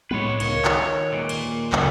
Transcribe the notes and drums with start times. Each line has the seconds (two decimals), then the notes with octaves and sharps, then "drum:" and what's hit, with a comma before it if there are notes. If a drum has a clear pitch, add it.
0.11 A2 G#3 B3 B4 C#5
0.40 C#2 D#4 A#4 C#5 F5, drum: cymbal
0.65 D#3, drum: clap
0.95 E6 F#6
1.12 D#1 A#2 G#3 B4
1.29 drum: cymbal
1.72 F#1 C#2 F#3 A3, drum: clap